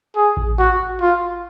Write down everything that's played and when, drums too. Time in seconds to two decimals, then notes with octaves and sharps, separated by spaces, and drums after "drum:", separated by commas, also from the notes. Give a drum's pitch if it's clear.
0.16 G#4
0.37 drum: kick A1
0.59 F#4
1.01 F4